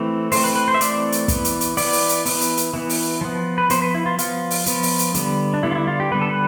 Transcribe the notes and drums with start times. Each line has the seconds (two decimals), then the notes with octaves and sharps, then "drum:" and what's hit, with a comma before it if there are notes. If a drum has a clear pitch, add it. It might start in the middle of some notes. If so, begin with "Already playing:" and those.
Already playing: E3 A3 C4
0.32 E3 A3 C4 C5, drum: open hi-hat
0.44 B4
0.55 B4
0.68 C5
0.74 E5
0.81 E3 A3 C4 D5, drum: hi-hat
1.12 drum: hi-hat
1.28 E3 B3, drum: kick, hi-hat
1.45 drum: hi-hat
1.61 drum: hi-hat
1.77 E3 B3 D5, drum: open hi-hat
1.93 drum: open hi-hat
2.09 drum: hi-hat
2.26 E3 B3, drum: open hi-hat
2.41 drum: hi-hat
2.57 drum: hi-hat
2.74 E3 B3
2.90 drum: open hi-hat
3.21 F3 B3
3.58 B4
3.70 F3 B3 C5, drum: hi-hat
3.82 B4
3.94 E4
4.06 F4
4.19 F3 B3 F4, drum: hi-hat
4.51 drum: open hi-hat
4.66 F3 B3, drum: hi-hat
4.83 drum: open hi-hat
4.99 drum: hi-hat
5.14 D3 G3 B3, drum: hi-hat
5.54 D4
5.63 D3 G3 B3 E4
5.71 F4
5.75 E4
5.87 F4
6.00 G4
6.11 D3 G3 B3 B4
6.21 A4
6.31 B4